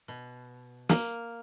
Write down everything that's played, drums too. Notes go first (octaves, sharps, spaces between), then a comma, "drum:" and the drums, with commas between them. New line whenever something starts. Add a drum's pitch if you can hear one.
B2
A#3, drum: snare